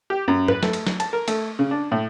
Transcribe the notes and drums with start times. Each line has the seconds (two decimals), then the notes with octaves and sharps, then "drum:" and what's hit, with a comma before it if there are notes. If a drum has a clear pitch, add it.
0.10 G4
0.28 F#2
0.48 B4, drum: tom
0.63 A3, drum: snare
0.73 drum: cymbal
0.87 drum: snare
1.00 A5, drum: cymbal
1.13 A#4
1.28 A3, drum: cymbal
1.59 C#3
1.71 D4
1.92 A2